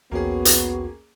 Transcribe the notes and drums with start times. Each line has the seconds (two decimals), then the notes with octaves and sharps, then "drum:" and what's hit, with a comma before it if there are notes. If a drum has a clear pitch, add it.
0.11 B1 E2 A#3 B3 C#4 F#4 G#4 G5
0.45 drum: hi-hat